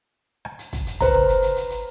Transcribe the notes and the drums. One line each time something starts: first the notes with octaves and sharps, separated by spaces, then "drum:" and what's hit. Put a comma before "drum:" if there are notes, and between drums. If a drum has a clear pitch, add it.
drum: rim click
drum: hi-hat
drum: kick, hi-hat
drum: hi-hat
B4 C5 A#5, drum: kick, hi-hat
drum: tom
drum: hi-hat
drum: hi-hat
drum: hi-hat
drum: hi-hat